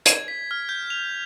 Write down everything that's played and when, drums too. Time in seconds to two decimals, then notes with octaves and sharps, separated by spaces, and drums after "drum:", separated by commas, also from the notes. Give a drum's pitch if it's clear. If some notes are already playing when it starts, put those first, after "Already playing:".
0.06 G#6, drum: hi-hat
0.28 B6
0.51 F6
0.69 G6
0.90 F7